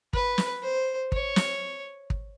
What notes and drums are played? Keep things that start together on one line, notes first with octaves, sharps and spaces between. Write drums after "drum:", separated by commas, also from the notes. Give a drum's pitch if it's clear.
B4, drum: kick
drum: snare
C5
C#5, drum: kick
drum: snare
drum: kick